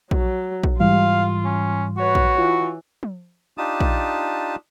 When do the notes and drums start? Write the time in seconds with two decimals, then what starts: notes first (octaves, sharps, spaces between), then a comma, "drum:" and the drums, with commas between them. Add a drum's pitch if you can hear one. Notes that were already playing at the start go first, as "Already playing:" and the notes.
0.11 F#3, drum: kick A#1
0.64 drum: kick A#1
0.80 G#2 E3 G3 F4 F5
1.44 C#4
1.97 F#4 B4 C#5
2.15 drum: kick A#1
2.38 E3 F4
3.03 drum: tom
3.58 D4 D#4 F4 G4 A5 D#6
3.80 drum: kick A#1